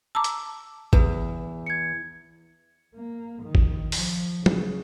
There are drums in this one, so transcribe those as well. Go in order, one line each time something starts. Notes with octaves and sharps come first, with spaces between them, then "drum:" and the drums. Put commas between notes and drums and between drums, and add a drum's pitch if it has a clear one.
A5 A#5 D6 E6
drum: hi-hat
E2 B4, drum: kick G#1
G#6 C#7
A#3
D#3
drum: kick G#1
F3, drum: open hi-hat
C#3, drum: tom